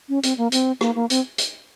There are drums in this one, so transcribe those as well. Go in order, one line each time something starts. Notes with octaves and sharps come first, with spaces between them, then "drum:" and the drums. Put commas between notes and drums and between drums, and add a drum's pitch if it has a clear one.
C#4
C4, drum: hi-hat
A#3
C4, drum: hi-hat
A#3, drum: rim click
A#3
C4, drum: hi-hat
drum: hi-hat